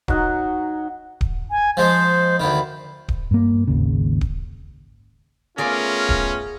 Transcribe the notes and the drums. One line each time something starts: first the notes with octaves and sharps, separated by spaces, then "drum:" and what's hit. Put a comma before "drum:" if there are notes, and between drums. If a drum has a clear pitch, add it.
F#3 D#4 F#5, drum: kick D1
drum: kick D1
G#5
F3 G#3 C5
D2 D#3 B5
drum: kick D1
G2 A#3
G#1 D#2 C#3
drum: kick D1
A3 B3 C#4 F4 G#4 A#4 D5 C6
drum: kick D1